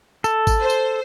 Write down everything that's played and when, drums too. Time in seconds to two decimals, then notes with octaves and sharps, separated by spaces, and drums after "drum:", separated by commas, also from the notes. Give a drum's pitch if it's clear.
0.24 A4, drum: tambourine
0.47 drum: kick G#1, tambourine
0.60 C5
0.70 drum: tambourine